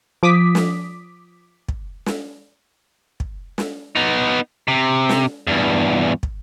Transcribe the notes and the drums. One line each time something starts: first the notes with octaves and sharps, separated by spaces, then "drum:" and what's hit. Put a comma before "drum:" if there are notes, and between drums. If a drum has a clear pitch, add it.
F3 D6 D#6 B6
drum: snare
drum: kick
drum: snare
drum: kick
drum: snare
B3 D#4
C3
drum: snare
E2 G2
drum: kick